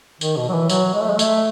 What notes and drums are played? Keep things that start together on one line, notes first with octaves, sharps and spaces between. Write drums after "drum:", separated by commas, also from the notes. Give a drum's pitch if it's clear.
D#3, drum: tambourine
B2
F#3
E3
F#3, drum: tambourine
G#3
A3
G#3
A3, drum: tambourine